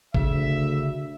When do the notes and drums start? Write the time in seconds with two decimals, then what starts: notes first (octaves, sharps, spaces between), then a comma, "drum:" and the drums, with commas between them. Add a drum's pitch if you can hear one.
0.14 D2 C#3 E5, drum: kick